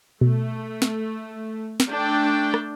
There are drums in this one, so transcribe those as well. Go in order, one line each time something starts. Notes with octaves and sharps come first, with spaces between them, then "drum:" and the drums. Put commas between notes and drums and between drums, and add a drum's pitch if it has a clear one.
B2 A3
drum: snare
drum: snare
A3 D4 G5
drum: rim click